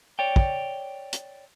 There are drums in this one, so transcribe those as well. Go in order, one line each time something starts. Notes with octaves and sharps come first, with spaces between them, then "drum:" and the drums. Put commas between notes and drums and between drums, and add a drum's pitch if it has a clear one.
C#5 D5 G5
drum: kick
drum: hi-hat